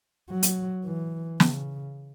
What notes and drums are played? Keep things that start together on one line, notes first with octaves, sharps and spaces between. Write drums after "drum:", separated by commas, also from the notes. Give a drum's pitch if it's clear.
F#3
drum: hi-hat
E3
C#3, drum: snare